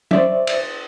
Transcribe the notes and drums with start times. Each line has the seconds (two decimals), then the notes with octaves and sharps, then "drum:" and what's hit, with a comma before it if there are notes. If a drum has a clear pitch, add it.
0.11 C5 D5 E5, drum: tom
0.47 drum: cymbal